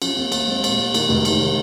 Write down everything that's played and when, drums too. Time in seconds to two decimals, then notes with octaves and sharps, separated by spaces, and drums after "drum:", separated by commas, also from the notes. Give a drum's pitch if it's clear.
0.02 F3 C#4, drum: cymbal
0.16 D#2 C4
0.32 D#2 A#3, drum: cymbal
0.48 G#3 C4
0.64 A#2, drum: cymbal
0.78 A#2
0.83 A#3
0.94 D#3 G#3, drum: cymbal
1.09 F1
1.25 F1, drum: cymbal
1.40 D#3